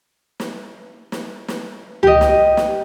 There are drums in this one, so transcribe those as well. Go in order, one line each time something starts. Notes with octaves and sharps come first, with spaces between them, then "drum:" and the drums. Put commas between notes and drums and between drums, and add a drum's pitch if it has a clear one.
drum: snare
drum: snare
drum: snare
G4 D#5, drum: tom C#2
drum: snare
drum: snare